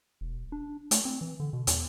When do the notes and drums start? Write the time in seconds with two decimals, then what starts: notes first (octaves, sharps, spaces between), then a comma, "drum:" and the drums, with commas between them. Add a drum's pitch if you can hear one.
0.21 E1
0.52 D4
0.91 A3, drum: hi-hat
1.05 C4
1.21 E3
1.40 D3
1.53 B2
1.67 E2, drum: hi-hat